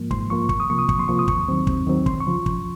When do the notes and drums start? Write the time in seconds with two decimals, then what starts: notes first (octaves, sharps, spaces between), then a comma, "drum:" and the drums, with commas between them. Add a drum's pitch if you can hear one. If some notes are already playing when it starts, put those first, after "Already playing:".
Already playing: G#2 F3 A#3
0.11 G#2 C6, drum: kick
0.30 F3 A#3 C#6
0.49 C#2 C#6, drum: kick
0.60 D#6
0.70 C3 F3 A#3 C#6
0.79 D#6
0.89 C#2 C#6, drum: kick
0.99 C6
1.08 C3 F3 A#3 C#6
1.19 D#6
1.28 D#2 C#6, drum: kick
1.48 D#3 F#3 C4
1.67 D#2, drum: kick
1.87 D#3 F#3 C4
2.06 C#2 C6, drum: kick
2.20 C#6
2.27 C#3 F3
2.46 drum: kick